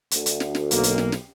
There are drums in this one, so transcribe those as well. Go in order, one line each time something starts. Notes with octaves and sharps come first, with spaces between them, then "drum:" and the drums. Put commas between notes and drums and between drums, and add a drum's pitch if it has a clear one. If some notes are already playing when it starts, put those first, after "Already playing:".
D2, drum: hi-hat
drum: hi-hat
drum: snare
drum: snare
B1 A#3, drum: hi-hat
drum: hi-hat
drum: snare
drum: snare